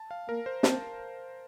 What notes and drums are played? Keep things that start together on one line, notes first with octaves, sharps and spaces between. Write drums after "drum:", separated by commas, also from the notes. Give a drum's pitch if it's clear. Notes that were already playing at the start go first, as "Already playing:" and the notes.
Already playing: A5
F5
A#3 A#4
C5
C4 A5, drum: snare